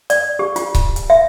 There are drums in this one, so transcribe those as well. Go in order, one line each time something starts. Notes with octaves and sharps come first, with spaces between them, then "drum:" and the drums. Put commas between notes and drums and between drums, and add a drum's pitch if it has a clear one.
D5, drum: hi-hat
G4
F4, drum: hi-hat
drum: kick C#1, hi-hat
drum: hi-hat
E5